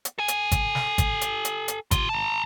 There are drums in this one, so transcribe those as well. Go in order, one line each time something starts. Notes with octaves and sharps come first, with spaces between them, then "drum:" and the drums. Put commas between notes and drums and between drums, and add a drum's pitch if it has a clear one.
drum: hi-hat
A4 G#5
drum: hi-hat
drum: kick, hi-hat
drum: snare
drum: kick, hi-hat
drum: hi-hat
drum: hi-hat
drum: hi-hat
F4 G4, drum: kick, hi-hat
A5 A#5